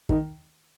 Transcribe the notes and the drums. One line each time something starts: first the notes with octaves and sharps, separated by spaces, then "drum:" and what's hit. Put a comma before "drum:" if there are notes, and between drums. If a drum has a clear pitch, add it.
D#3, drum: kick